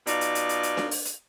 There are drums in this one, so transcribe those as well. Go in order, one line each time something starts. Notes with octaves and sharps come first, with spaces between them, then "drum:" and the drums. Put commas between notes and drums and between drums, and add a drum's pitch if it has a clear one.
B2 D#4 F4 D5, drum: hi-hat
drum: hi-hat
drum: hi-hat
drum: hi-hat
drum: hi-hat
drum: snare D4
drum: open hi-hat
drum: hi-hat